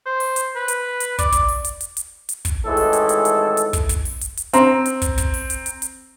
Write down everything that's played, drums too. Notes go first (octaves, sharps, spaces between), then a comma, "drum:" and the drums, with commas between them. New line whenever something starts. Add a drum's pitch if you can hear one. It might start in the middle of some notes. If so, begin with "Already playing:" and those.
C5
drum: open hi-hat
drum: hi-hat
B4
drum: hi-hat
drum: hi-hat
D5, drum: kick, hi-hat
drum: kick, hi-hat
drum: open hi-hat
drum: hi-hat
drum: hi-hat
drum: hi-hat
drum: hi-hat
drum: kick, hi-hat
G#1 A2 E3 G#3 A4
drum: open hi-hat
drum: hi-hat
drum: hi-hat
drum: hi-hat
drum: hi-hat
drum: kick, hi-hat
drum: kick, hi-hat
drum: open hi-hat
drum: hi-hat
drum: hi-hat
C4 A#5, drum: hi-hat
drum: hi-hat
drum: kick, hi-hat
drum: kick, hi-hat
drum: open hi-hat
drum: hi-hat
drum: hi-hat
drum: hi-hat